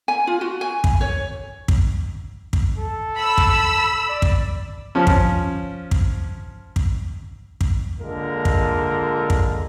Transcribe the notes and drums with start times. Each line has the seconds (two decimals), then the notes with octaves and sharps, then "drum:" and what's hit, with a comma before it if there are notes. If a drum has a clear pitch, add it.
0.08 G#5
0.27 F4
0.41 F#4
0.61 G#5
0.84 drum: kick
1.01 C#5
1.68 drum: kick
2.53 drum: kick
2.78 A4
3.17 B5 E6
3.38 drum: kick
4.09 D5
4.22 drum: kick
4.95 F3 C#4
5.07 drum: kick
5.91 drum: kick
6.76 drum: kick
7.61 drum: kick
7.99 A#2 D3 G#3 F4 A4 A#4
8.45 drum: kick
9.30 drum: kick